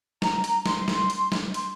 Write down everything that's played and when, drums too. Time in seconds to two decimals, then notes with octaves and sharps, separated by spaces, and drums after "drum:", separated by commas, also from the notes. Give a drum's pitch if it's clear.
0.22 A#5, drum: snare
0.44 drum: hi-hat
0.66 C6, drum: snare
0.88 drum: snare
1.10 drum: hi-hat
1.32 drum: snare
1.54 C6, drum: hi-hat